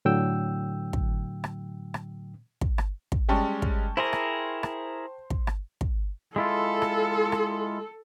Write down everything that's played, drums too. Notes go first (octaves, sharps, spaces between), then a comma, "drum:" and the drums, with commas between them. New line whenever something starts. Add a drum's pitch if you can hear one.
A2 D3 F#3 G5 E6
drum: kick
drum: rim click
drum: rim click
drum: kick
drum: rim click
drum: kick
G3 G#3 C#4 G5 A5 C#6
drum: kick
E4 G#4 A#4 C5
drum: rim click
drum: rim click
drum: kick
drum: rim click
drum: kick
G#3 E4 F4 A4
drum: rim click
drum: rim click